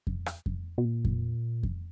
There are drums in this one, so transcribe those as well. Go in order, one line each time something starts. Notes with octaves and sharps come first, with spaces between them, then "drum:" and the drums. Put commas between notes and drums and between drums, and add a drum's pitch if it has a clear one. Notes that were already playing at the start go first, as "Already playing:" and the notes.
drum: kick F2
drum: rim click
drum: kick F2
B2
A#2
drum: kick F2
drum: kick F2